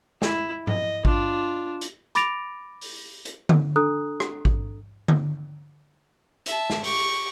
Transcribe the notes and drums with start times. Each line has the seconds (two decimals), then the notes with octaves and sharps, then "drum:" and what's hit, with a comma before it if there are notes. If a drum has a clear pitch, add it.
0.22 E4, drum: snare
0.67 D#5, drum: tom G#2
1.05 D4 F4, drum: kick A1
1.81 drum: hi-hat
2.15 B5 D6 A6 A#6 D7 F7, drum: hi-hat
2.81 drum: open hi-hat
3.25 drum: hi-hat
3.49 drum: tom D3
3.76 D4 A4 A#5 D#6 F#6
4.20 drum: rim click
4.45 drum: kick A1
5.08 drum: tom D3
6.46 E5 A5, drum: hi-hat
6.70 drum: snare
6.84 G4 C#6, drum: open hi-hat